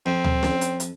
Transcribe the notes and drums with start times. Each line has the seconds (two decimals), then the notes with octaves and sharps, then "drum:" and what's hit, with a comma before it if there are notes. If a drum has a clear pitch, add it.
0.06 F2 C4
0.24 drum: tom D2
0.43 drum: snare
0.61 drum: hi-hat
0.80 drum: hi-hat